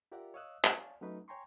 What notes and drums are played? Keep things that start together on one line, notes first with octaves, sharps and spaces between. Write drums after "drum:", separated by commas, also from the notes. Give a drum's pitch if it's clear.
F4 G4 A#4 D5 E5 F#5
C#5 D#5 F5 D#6 E6 F#6
C#5 D5 F5 G#5 A5, drum: clap
F#3 A3 C#4 D#4 B4
C#5 G5 G#5 A#5 C6 C#6